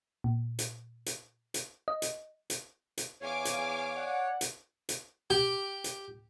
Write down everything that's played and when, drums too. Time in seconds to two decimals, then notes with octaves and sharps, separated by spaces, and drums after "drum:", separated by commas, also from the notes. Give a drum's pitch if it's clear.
0.24 A#2
0.59 drum: hi-hat
1.06 drum: hi-hat
1.54 drum: hi-hat
1.88 D#5
2.02 drum: hi-hat
2.50 drum: hi-hat
2.98 drum: hi-hat
3.21 E2 C#5 F5 G#5 D6
3.45 drum: hi-hat
3.96 D5 F#5
4.41 drum: hi-hat
4.89 drum: hi-hat
5.30 G4
5.84 drum: hi-hat